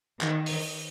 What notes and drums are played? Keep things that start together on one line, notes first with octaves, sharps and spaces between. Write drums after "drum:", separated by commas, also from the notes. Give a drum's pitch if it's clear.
D#3, drum: clap
drum: open hi-hat